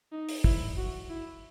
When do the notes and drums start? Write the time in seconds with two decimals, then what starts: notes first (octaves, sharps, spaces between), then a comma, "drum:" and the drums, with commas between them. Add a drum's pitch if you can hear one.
0.12 D#4
0.29 drum: open hi-hat
0.44 E4, drum: kick
0.77 F#4
1.10 E4